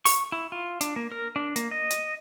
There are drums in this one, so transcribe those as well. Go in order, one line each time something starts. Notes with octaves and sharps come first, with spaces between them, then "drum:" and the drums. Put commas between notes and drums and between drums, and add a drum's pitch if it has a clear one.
C#6, drum: open hi-hat
E4
F4
D4, drum: hi-hat
A#3
A#4
D4
A#3, drum: hi-hat
D#5
drum: hi-hat